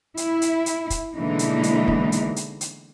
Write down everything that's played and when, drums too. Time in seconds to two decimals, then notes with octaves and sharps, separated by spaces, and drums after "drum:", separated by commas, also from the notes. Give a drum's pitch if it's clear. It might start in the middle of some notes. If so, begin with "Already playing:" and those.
0.17 E4, drum: hi-hat
0.42 drum: hi-hat
0.66 drum: hi-hat
0.90 drum: kick, hi-hat
1.15 B2 D3 E3 G#3 A#3 D#4
1.39 drum: hi-hat
1.63 drum: hi-hat
1.88 drum: kick
2.12 drum: hi-hat
2.36 drum: hi-hat
2.61 drum: hi-hat